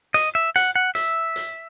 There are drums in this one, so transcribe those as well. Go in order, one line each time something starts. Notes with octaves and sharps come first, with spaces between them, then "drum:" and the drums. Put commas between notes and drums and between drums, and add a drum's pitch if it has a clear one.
D#5, drum: hi-hat
E5
F#5, drum: hi-hat
F#5
E5, drum: hi-hat
drum: hi-hat